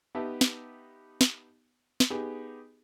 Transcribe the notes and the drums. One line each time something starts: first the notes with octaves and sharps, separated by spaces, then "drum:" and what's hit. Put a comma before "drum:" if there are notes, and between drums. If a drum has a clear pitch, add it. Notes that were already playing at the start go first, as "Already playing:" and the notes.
B3 D#4 G4 E5 A5
drum: snare
drum: snare
drum: snare
B3 D#4 G4 G#4